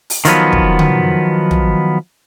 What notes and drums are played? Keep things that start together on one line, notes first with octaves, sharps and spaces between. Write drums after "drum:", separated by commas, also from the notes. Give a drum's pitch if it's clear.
drum: open hi-hat
D#3 F3 F#3 B3, drum: hi-hat
drum: kick
drum: tom C#3
drum: tom